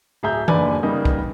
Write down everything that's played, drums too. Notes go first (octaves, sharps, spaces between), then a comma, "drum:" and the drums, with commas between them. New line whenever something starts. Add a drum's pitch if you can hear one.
D1 G#4 E5 A#5 G6
F#1 D#2 D3 B4 D5 G#5, drum: tom E3
C#3 G3 A#3 B3 D#4
drum: kick